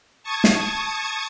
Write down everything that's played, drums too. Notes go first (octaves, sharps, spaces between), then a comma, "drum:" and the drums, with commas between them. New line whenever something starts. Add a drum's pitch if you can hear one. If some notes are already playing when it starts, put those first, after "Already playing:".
A5 C#6 D#6 G#6
drum: snare